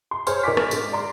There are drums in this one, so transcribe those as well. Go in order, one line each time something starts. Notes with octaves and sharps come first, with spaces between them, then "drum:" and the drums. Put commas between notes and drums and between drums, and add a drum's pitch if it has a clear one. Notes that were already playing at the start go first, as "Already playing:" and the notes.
C6
G#4 C5 C#5 C6 F6, drum: tambourine
D#3 D5 G#5 C#6 D6 B6
D4, drum: rim click
G#2, drum: tambourine
D5 A#5 C6